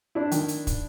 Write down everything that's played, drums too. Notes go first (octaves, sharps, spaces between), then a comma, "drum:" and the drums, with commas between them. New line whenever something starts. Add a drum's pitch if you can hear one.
D4 E4
D#3, drum: hi-hat
drum: hi-hat
drum: kick, hi-hat